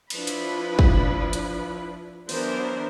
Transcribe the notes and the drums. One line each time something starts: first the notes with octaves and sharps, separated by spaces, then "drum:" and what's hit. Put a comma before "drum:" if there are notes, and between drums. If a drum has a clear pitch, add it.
F3 D4 E4 B4 B5, drum: cymbal
drum: hi-hat
drum: kick
drum: hi-hat
E3 F#3 B3 D4 A#4 C5, drum: open hi-hat